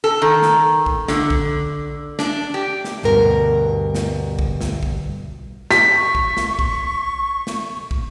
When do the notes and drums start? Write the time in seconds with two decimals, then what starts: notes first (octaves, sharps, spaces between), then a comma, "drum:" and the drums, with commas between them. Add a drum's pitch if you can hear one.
0.04 A4
0.22 D#3
0.42 drum: snare
0.86 drum: kick
1.08 D3, drum: snare
1.30 drum: kick
2.19 D4, drum: snare
2.54 G4
2.84 drum: snare
3.03 D2 G2 B2 A#4
3.95 drum: snare
4.39 drum: kick
4.61 drum: snare
4.83 drum: kick
5.71 B6, drum: snare
5.96 C#6
6.15 drum: kick
6.37 drum: snare
6.59 drum: kick
7.47 drum: snare
7.91 drum: kick